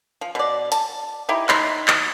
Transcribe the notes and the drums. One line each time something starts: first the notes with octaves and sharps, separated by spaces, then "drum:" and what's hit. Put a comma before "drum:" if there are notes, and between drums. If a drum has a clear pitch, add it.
F3
B2 D5
A5, drum: hi-hat
D#4 E4 G4
D#4 B5 C6, drum: clap
drum: clap